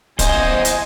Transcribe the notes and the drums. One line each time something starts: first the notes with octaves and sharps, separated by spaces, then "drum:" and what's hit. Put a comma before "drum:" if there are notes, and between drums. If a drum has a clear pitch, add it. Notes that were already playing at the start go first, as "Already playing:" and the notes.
E2 C5 D#5 G#5, drum: kick, hi-hat
drum: hi-hat